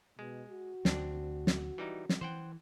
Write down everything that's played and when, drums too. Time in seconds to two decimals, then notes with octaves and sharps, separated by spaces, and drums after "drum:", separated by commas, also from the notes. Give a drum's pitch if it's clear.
0.19 B2 G#3
0.50 F#4
0.85 D2 C4 D4, drum: snare
1.47 drum: snare
1.78 E3 G3 D#4
2.09 drum: snare
2.21 E3 C5 F#5 G5